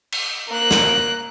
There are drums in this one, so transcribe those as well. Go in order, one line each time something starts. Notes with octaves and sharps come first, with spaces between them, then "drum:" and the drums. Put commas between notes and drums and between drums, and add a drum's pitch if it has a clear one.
drum: cymbal
A#3 F#6
drum: snare